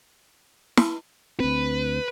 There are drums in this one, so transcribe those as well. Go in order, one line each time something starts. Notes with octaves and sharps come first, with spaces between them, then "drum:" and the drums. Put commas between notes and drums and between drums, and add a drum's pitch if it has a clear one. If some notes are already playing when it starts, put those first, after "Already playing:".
drum: snare
D2 C4 B4